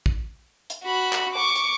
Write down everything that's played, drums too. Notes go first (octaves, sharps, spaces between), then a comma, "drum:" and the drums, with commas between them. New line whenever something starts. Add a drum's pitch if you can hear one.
drum: kick
drum: hi-hat
F#4 B5
drum: clap
C#6 D6
drum: hi-hat